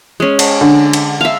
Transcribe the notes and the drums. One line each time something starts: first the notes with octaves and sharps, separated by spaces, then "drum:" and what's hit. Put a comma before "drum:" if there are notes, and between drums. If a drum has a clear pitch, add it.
G#3 C#4
drum: cymbal
D3
drum: cymbal
E5 F5